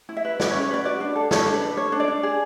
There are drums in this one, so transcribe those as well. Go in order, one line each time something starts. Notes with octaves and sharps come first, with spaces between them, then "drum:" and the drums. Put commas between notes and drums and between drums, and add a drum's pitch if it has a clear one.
E4
E5
B4
F#4 D5, drum: snare
C#5
C#4
C#5
B4 D5
F#4 D5
D4
A4
A4 C#5, drum: snare
D4
B4
D4
A4 C#5
D4
D5
D4
G#4